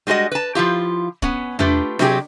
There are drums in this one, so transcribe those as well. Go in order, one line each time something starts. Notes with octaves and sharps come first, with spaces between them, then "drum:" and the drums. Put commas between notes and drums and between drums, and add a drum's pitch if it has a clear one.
G3 G#3 F#4 B4 D#5
B4 A5
F3 E4 F4 G4
B3 C#4, drum: kick D1
A3 D4 F4 G4 B4, drum: tom E2
C3 F#3 G4 G#4, drum: snare D4